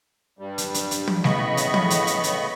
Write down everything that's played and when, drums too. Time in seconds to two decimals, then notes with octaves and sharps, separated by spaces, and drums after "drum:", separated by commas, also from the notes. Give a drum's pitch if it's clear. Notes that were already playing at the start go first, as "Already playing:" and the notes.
0.39 G2 G3
0.58 drum: hi-hat
0.74 drum: hi-hat
0.91 drum: hi-hat
1.08 drum: tom
1.24 A2 C#3 B3 D#5 B5 C#6, drum: snare G3
1.57 drum: hi-hat
1.74 drum: tom
1.90 drum: hi-hat
2.07 drum: hi-hat
2.24 drum: hi-hat